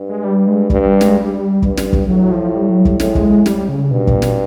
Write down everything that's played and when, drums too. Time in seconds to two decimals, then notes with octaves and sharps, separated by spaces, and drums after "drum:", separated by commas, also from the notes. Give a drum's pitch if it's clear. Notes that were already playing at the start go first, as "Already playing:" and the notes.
Already playing: G2
0.09 G#3
0.24 G3
0.47 G#3
0.70 G2 G3, drum: kick
0.86 G3
1.01 G#3, drum: snare
1.16 G3
1.62 G2, drum: kick
1.77 drum: snare
1.93 drum: kick
2.08 A2 F#3
2.31 F3
2.54 G3
2.69 F#3
2.85 G3, drum: kick
3.00 A2 G#3, drum: snare
3.15 drum: kick
3.46 G3, drum: snare
3.69 C#3
3.91 G2 B2
4.07 A#2, drum: kick
4.22 B2, drum: snare